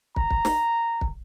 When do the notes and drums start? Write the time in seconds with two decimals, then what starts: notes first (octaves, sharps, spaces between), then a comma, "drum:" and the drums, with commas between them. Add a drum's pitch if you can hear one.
0.16 A#5, drum: kick
0.31 drum: kick
0.45 drum: snare
1.01 drum: kick